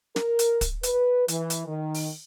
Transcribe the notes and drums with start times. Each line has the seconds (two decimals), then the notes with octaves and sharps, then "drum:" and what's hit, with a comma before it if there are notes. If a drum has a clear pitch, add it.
0.16 A#4, drum: snare
0.39 drum: hi-hat
0.61 drum: kick, hi-hat
0.83 B4, drum: hi-hat
1.28 E3, drum: hi-hat
1.50 drum: hi-hat
1.67 D#3
1.94 drum: open hi-hat